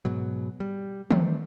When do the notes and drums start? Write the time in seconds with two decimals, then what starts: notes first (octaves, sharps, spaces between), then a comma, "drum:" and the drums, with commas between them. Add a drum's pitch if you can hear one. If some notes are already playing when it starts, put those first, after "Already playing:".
0.05 G#2 B2 F#3
0.60 G3
1.11 D#3 G3 A3 C4, drum: tom E3